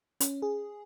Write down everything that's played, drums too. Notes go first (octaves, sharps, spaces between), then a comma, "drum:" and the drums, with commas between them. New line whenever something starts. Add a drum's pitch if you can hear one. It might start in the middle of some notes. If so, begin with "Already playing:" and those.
C#4, drum: hi-hat
G#4